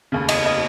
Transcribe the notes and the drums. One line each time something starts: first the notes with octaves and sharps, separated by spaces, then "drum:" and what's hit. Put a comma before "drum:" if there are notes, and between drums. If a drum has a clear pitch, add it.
F1 D#2 C#3
D#5, drum: cymbal
D#5